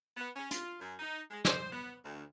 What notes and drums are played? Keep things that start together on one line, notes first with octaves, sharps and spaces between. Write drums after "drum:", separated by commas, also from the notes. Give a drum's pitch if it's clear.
B3
C#4
F4, drum: hi-hat
F#2
D#4
G#3
C5, drum: snare
B3
D2